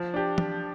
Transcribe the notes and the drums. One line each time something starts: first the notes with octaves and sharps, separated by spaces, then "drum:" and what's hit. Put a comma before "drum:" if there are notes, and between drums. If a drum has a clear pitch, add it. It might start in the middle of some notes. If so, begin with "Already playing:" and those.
Already playing: F3
D4 G4
drum: tom